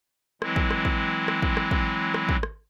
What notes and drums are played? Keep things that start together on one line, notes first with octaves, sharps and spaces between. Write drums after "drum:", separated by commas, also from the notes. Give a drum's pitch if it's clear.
E3 F#3 G#3 C4 E4, drum: rim click
drum: kick
drum: rim click
drum: kick
drum: rim click
drum: kick
drum: rim click
drum: kick
drum: rim click
drum: kick
drum: rim click